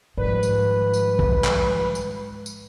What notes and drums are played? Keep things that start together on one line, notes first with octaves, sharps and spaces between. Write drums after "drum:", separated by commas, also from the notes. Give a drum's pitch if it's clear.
G#2 D#3 F3 G3 B4
drum: tambourine
drum: tambourine
drum: kick B1
drum: clap
drum: tambourine
drum: tambourine